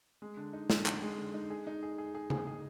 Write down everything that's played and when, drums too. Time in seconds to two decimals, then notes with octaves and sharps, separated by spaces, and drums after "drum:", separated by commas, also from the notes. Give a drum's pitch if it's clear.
0.22 G#3
0.37 D3
0.53 D#4
0.70 D3, drum: snare
0.86 D3, drum: clap
1.02 G#3
1.18 D3
1.34 D#4
1.50 G#4
1.67 D#4
1.83 G#4
1.98 G#4
2.15 G#4
2.30 G#4, drum: tom C#3
2.47 G#4